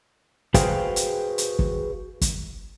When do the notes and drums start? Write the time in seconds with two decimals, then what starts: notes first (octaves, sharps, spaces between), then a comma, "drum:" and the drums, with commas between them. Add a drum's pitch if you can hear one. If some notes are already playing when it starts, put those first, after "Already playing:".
0.54 F#4 G#4 B4 C5 F5 G5, drum: kick, hi-hat
0.96 drum: hi-hat
1.38 drum: hi-hat
1.59 drum: kick
2.21 drum: kick, hi-hat